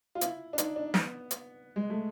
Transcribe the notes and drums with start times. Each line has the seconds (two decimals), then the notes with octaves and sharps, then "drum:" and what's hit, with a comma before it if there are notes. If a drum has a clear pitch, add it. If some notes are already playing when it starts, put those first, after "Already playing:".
0.15 F4
0.21 E4, drum: hi-hat
0.53 D4
0.58 D#4, drum: hi-hat
0.76 D4
0.94 B3, drum: snare
1.31 drum: hi-hat
1.76 G#3
1.90 A3